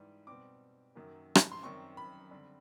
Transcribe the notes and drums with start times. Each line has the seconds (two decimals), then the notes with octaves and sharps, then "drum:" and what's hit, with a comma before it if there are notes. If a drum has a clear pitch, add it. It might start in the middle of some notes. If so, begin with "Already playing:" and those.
Already playing: G#2 E3 G3
0.27 B2 G3 C4 D6
0.95 F#2 D#3 F#3 A#3
1.35 drum: rim click
1.52 C6
1.63 F#2 D#3 G3 C4 C#6
1.97 B5
2.31 D3 G3 C4